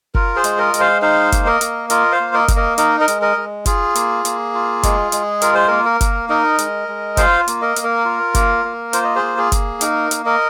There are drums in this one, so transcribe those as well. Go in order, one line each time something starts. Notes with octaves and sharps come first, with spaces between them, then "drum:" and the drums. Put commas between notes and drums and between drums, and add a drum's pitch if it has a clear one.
F4 A#4, drum: kick F#1
G#4 C5
G#3, drum: hi-hat
A#4 D#5
G#3, drum: hi-hat
C5 F5
D#4 C5 F5
A#3, drum: kick F#1, hi-hat
A#4 D#5
A#3, drum: hi-hat
F4 A#4 D#5, drum: hi-hat
C5 F5
A#3
A#4 D#5
A#3, drum: kick F#1, hi-hat
A#4 D#5
D#4 A#4 D#5, drum: hi-hat
A#4 D#5
G#3, drum: hi-hat
A#4 D#5
G#3
F4 G#4, drum: kick F#1, hi-hat
A#3, drum: hi-hat
A#3, drum: hi-hat
F4
G#3, drum: kick F#1, hi-hat
G#3, drum: hi-hat
F4 A#4, drum: hi-hat
C5
A#3 A#4
A#4
A#3, drum: kick F#1, hi-hat
D#4 A#4 D#5
G#3, drum: hi-hat
G#3
F4 C5 F5, drum: kick F#1, hi-hat
A#3, drum: hi-hat
A#4 D#5
A#3, drum: hi-hat
A#4
F4
A#3, drum: kick F#1, hi-hat
A#3
F4 C5, drum: hi-hat
D#5
G#4 C5
A#3
G#4
A#3, drum: kick F#1, hi-hat
D#4 A#4, drum: hi-hat
A#3, drum: hi-hat
A#4 D#5